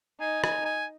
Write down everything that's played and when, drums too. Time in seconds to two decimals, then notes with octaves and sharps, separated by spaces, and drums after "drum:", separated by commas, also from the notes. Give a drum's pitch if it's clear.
0.21 D#4 G#5
0.44 G#5, drum: rim click
0.65 G#5